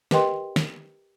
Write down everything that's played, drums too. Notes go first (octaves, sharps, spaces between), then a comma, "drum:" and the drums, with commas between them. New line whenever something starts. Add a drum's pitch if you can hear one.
G4 A#4 B4 D#5 G5 C6, drum: snare
drum: snare